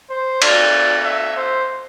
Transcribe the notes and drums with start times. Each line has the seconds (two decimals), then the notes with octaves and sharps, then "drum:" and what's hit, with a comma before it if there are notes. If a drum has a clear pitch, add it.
0.10 C5
0.42 D5, drum: cymbal
1.05 E5
1.37 C5